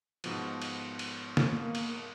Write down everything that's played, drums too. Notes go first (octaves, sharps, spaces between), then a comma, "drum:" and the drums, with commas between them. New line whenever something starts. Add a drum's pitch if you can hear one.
G#2 B2 F3, drum: cymbal
drum: cymbal
drum: cymbal
drum: snare
A#3
drum: cymbal